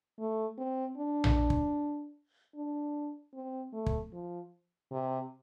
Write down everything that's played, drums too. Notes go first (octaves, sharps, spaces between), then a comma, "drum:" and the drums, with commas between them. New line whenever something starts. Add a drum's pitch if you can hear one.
A3
C4
D4
drum: tom A#1
drum: kick
D4
C4
A3
drum: kick
F3
C3